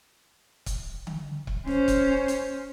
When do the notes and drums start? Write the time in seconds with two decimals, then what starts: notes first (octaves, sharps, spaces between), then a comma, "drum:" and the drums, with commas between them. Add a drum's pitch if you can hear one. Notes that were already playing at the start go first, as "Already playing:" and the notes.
0.66 drum: kick C#1, hi-hat
1.07 drum: tom D3
1.47 drum: kick C#1
1.67 C#4 C5, drum: snare
1.88 drum: kick C#1, hi-hat
2.28 drum: hi-hat